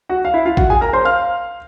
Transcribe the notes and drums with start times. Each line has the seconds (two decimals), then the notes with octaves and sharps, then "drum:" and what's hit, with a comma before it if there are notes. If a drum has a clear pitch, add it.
0.09 F#4 F#5
0.25 F5
0.34 E4 E5
0.45 F4 F5
0.57 F#4 F#5, drum: kick A1
0.70 G#4 G#5
0.81 A#4 A#5
0.93 C5 C6
1.05 F5 F6